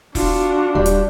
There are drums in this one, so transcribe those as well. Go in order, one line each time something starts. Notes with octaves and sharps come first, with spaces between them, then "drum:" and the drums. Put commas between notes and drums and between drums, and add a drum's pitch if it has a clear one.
D4 F4 F#4, drum: kick E1, open hi-hat
D#1 G3
drum: hi-hat